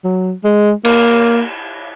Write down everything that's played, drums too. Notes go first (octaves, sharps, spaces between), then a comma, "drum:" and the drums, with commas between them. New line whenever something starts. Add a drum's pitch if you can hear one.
F#3
G#3
A#3, drum: cymbal